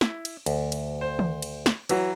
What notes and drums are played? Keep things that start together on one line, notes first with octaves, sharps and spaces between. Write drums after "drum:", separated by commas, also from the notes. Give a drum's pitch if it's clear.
E4, drum: snare
drum: cymbal
D2, drum: cymbal
drum: cymbal
C5
drum: tom D#3
drum: cymbal
drum: snare
E3 F#3, drum: cymbal